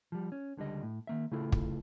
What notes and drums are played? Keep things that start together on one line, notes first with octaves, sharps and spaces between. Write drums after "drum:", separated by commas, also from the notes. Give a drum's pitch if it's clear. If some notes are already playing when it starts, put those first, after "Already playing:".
F3 G3
C#4
C#2 D3 G3 D#5
A2
D#3 A#3 E5
C#3 A3 E4 F4 A4
drum: kick